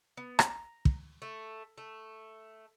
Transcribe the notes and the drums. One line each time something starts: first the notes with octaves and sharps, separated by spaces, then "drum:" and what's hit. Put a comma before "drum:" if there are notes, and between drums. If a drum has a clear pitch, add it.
B3
A#5, drum: rim click
drum: kick
A3
A3